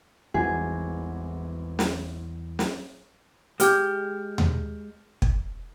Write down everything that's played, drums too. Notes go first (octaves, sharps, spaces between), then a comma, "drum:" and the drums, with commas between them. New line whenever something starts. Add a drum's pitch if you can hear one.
G#1 E2 E3 G3 F#4 G#4
drum: snare
drum: snare
G#3 G4 F6 G6, drum: hi-hat
drum: tom D#2
drum: kick